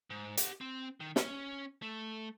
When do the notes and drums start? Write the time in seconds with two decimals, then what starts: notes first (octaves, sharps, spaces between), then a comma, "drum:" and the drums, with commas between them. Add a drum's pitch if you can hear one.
0.10 G#2
0.37 G4 F#5, drum: hi-hat
0.61 C4
1.00 D#3
1.16 C#4, drum: snare
1.82 A3